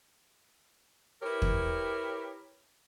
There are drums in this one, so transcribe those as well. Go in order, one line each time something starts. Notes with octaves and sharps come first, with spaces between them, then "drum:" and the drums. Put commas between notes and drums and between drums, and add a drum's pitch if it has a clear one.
E4 G4 A#4 B4 C#5
drum: kick